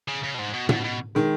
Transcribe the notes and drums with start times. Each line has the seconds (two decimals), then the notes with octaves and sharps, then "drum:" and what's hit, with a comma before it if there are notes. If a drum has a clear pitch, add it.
0.08 C#3
0.24 C#3
0.34 B2
0.39 G#2
0.53 B2
0.69 B2, drum: tom
0.84 B2
1.15 D#3 G#3